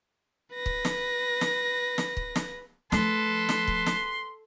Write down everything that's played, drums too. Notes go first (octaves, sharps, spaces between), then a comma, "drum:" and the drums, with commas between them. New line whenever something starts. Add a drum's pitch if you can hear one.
B4 A#6
drum: kick C#1
drum: snare
drum: snare
drum: snare
drum: kick C#1
drum: snare
F3 A3 A4 B4 C6, drum: snare
drum: snare
drum: kick C#1
drum: snare